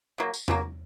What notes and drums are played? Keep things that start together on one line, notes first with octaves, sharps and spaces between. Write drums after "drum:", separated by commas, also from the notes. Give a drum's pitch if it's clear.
C#3 F#3 A#3
drum: tambourine
C#3 F#3 A#3, drum: tom E2